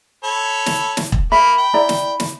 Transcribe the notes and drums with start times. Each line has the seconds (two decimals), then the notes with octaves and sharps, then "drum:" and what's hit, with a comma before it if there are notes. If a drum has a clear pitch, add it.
0.24 A4 C#5 B5
0.66 drum: snare
0.97 drum: snare
1.12 drum: kick E1
1.32 A#3 E5 B5
1.58 G5
1.74 E4 D5 A#5
1.89 drum: snare
2.20 drum: snare